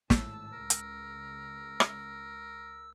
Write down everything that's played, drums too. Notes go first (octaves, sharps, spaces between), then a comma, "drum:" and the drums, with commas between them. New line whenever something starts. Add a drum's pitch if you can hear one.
G#1 A2 A5 E6, drum: snare
C#2 A#4
drum: hi-hat
drum: rim click